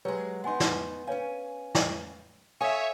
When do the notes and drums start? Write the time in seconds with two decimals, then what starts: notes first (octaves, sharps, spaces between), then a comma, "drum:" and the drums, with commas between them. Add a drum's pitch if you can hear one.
0.05 F#3 G#3 G4 B4 C#5
0.44 B3 D#4 F#5 G#5 C6
0.60 drum: snare
1.07 C#4 B4 C#5 F5 G#5
1.75 drum: snare
2.61 A4 C#5 E5 F5 G#5 D#6